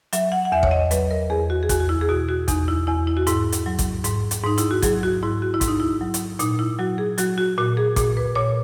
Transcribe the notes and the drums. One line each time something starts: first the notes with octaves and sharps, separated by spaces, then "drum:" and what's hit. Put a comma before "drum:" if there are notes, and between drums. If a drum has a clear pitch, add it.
F#3 E5, drum: hi-hat
F#5
F#5
E2 E5
C#5, drum: kick A1
D#5
F#3 B4, drum: hi-hat
A#4
E2 G#4
F#4
G#4
E2 F#4, drum: kick A1, hi-hat
F#4
E4
G#4
B2 F#4
F#4
E2 D#4, drum: kick A1, hi-hat
E4
E2 E4
E4
F#4
G#2 E4, drum: hi-hat
drum: hi-hat
F#3
drum: kick A1, hi-hat
G#2, drum: hi-hat
drum: hi-hat
G#2 D#4
E4, drum: hi-hat
F#4
F#3 G#4, drum: kick A1, hi-hat
F#4
G#2 E4
F#4
E4
G#2, drum: kick A1, hi-hat
D#4
E4
F#3
drum: hi-hat
A#2 D#4, drum: hi-hat
E4
F#3 F#4
G#4
F#3 F#4, drum: hi-hat
F#4
A#2 F#4
G#4
A#2 G#4, drum: kick A1, hi-hat
B4
A#2 C#5